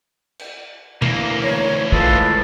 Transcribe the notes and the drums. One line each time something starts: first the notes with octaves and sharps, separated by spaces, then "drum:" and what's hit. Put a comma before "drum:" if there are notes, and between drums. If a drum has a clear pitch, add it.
drum: cymbal
D2 E3 A#3, drum: tom B2
C#5
A2 G#3 F4 A4 B4, drum: kick